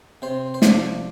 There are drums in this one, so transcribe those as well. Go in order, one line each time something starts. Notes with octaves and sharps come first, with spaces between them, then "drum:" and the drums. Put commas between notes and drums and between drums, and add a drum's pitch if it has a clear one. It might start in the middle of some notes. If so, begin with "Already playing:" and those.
C3 C5
C5
F3 D5, drum: snare